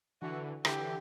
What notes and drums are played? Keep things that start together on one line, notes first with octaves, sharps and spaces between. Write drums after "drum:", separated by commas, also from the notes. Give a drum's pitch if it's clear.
D3 E3 F#4
D3 E3 G4, drum: rim click